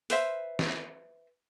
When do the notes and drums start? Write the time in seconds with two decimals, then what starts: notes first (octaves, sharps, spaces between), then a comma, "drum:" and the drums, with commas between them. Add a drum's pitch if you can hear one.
0.10 B4 C5 E5, drum: open hi-hat
0.59 drum: snare